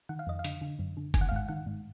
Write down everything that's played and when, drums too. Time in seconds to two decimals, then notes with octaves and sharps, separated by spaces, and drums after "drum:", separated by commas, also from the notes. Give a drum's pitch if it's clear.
0.09 D#3 F#5
0.19 F5
0.27 F2 D#5
0.39 F5
0.44 D3, drum: hi-hat
0.61 D3
0.79 F#2
0.97 D3
1.14 D#3 G#5, drum: kick F#1, hi-hat
1.21 F#5
1.29 F5
1.31 G#2 F#5
1.49 D#3 F#5
1.66 G#2